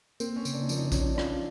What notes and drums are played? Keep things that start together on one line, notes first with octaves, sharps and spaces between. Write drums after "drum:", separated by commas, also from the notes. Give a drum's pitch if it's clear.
A#3 C4, drum: tambourine
C#4
C#3, drum: tambourine
D4
D#4
F3 D4, drum: tambourine
D#4
D4
C#4 D#4, drum: kick A#1, tambourine
D4
D#4
D4
F4, drum: rim click
D#4
D4